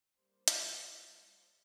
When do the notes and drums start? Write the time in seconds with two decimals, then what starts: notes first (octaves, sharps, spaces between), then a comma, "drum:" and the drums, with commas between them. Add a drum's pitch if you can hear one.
0.16 G3 A#3 D4 C5
0.48 drum: hi-hat